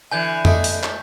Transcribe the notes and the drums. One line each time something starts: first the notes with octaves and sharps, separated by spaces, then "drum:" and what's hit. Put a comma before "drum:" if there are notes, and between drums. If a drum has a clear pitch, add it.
D3 E3 E5 G#5 G6
A3 D#4, drum: tom F2
drum: open hi-hat
drum: clap